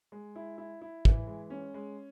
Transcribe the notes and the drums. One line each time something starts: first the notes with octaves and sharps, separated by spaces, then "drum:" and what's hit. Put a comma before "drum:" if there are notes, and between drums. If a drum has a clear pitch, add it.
G#3
E4
E4
E4
E3, drum: kick
G#3
C#4
G#3